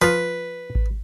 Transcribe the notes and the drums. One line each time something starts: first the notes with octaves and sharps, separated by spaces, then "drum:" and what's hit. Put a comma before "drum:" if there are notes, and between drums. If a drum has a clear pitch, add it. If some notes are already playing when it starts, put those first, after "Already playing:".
F3 F4 B4
drum: kick G#1